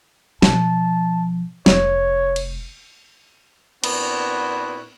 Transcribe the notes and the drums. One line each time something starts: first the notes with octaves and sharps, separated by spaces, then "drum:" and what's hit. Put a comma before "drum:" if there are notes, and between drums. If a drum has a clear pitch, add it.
B2 F3 A5, drum: snare
F1 C#5, drum: snare
drum: cymbal
A#2 B3 C4 D4 E4 F#4, drum: cymbal